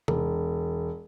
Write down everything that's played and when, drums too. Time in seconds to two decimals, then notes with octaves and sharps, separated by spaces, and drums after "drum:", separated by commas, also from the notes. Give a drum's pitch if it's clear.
0.08 E1, drum: tom C3